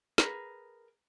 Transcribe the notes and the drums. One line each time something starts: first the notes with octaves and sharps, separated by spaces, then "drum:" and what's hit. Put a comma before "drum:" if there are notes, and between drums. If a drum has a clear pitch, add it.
G#4 A#4 B4, drum: snare